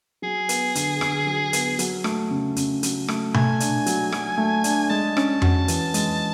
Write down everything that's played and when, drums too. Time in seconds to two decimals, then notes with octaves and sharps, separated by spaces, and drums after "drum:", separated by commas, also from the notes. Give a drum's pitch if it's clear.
0.22 F#3 G#4
0.49 B3, drum: hi-hat
0.75 D3, drum: hi-hat
1.01 D3, drum: rim click
1.27 F#3
1.53 B3, drum: hi-hat
1.79 F#3, drum: hi-hat
2.04 A3, drum: rim click
2.31 C#3
2.56 C#3, drum: hi-hat
2.83 F#3, drum: hi-hat
3.08 A3, drum: rim click
3.34 A3 G#5, drum: tom B2
3.60 D4, drum: hi-hat
3.86 F#3, drum: hi-hat
4.12 F#3, drum: rim click
4.38 A3
4.64 D4, drum: hi-hat
4.90 G#3 A5
5.17 C#4, drum: rim click
5.42 F#4, drum: tom F2
5.68 E3, drum: hi-hat
5.94 G#3, drum: hi-hat